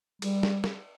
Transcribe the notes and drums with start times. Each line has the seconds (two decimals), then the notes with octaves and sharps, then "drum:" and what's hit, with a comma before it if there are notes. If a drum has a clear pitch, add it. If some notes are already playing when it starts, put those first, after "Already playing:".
0.22 G3, drum: cymbal
0.43 drum: snare
0.64 drum: snare